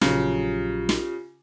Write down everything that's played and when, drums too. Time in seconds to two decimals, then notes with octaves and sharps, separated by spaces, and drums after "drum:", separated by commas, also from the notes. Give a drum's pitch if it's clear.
0.01 A#1 C#3 F#3 F4 G4 A#5, drum: snare
0.89 drum: snare